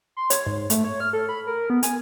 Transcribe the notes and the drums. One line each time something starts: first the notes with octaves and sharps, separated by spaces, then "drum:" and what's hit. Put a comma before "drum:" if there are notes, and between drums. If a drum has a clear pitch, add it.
C6
C#5, drum: hi-hat
G#2
A3, drum: hi-hat
C#5
F6
A4
B5
A#4
B3
G#5, drum: hi-hat